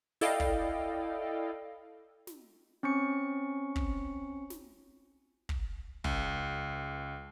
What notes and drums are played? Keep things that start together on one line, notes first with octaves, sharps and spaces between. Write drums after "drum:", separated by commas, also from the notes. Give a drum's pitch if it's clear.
E4 A4 D5 D#5 F5 G5, drum: open hi-hat
drum: kick
drum: snare
C4 C#4 C#6 C#7
drum: kick
drum: snare
drum: kick
C#2, drum: kick